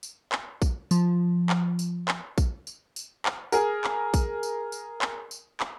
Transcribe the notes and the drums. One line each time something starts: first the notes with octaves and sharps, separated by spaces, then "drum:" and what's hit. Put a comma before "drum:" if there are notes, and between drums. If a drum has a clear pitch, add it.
drum: tambourine
drum: clap
drum: kick A#1, tambourine
F3, drum: tambourine
drum: clap
drum: tambourine
drum: clap
drum: kick A#1, tambourine
drum: tambourine
drum: tambourine
drum: clap
G#4 A#4, drum: tambourine
drum: clap
drum: kick A#1, tambourine
drum: tambourine
drum: tambourine
drum: clap
drum: tambourine
drum: clap